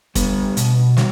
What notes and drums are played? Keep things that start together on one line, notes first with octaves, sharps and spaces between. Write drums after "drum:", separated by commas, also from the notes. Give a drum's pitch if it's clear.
G3 B3, drum: kick, hi-hat
B2, drum: hi-hat
G3 F#4, drum: snare